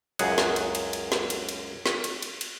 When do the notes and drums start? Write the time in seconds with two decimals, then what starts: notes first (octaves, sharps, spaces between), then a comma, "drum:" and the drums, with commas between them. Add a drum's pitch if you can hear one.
0.19 C#2 F#2 G#4 F#5, drum: cymbal
0.38 drum: snare
0.56 drum: cymbal
0.75 drum: cymbal
0.93 drum: cymbal
1.12 drum: snare
1.30 drum: cymbal
1.49 drum: cymbal
1.86 drum: snare
2.04 drum: cymbal
2.22 drum: cymbal
2.41 drum: cymbal